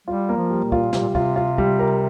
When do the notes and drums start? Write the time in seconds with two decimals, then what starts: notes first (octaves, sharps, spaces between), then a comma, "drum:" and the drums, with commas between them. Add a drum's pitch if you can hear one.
0.07 G3 F4
0.29 A#3
0.36 F3
0.50 G3
0.65 A#2
0.72 F4, drum: kick
0.93 C3 G3, drum: snare
1.01 A#2
1.09 C3
1.15 F4, drum: kick
1.36 F4
1.58 G3, drum: kick
1.79 A#4